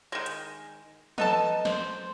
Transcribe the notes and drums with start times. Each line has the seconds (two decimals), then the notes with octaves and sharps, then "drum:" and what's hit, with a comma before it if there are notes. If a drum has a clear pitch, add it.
0.12 D#3 G#3
0.26 drum: hi-hat
1.18 B3 D#4 A4 A5, drum: tom
1.65 C5, drum: snare